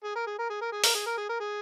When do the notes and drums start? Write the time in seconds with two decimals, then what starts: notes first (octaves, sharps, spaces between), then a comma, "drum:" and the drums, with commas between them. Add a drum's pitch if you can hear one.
0.04 G#4
0.15 A#4
0.27 G#4
0.38 A#4
0.50 G#4
0.61 A#4
0.72 G#4
0.84 A#4, drum: open hi-hat
0.95 G#4
1.07 A#4
1.17 G#4
1.29 A#4
1.40 G#4